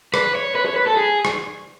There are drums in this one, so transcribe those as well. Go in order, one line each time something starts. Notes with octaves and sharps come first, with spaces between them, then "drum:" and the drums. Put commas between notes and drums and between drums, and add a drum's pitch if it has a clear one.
B4, drum: rim click
C#5
B4
C#5
B4
A4
G#4
drum: rim click